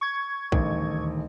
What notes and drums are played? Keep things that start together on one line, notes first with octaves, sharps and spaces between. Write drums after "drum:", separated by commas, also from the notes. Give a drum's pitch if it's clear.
C#6 G#6
D#1 A1 D2 D#3, drum: kick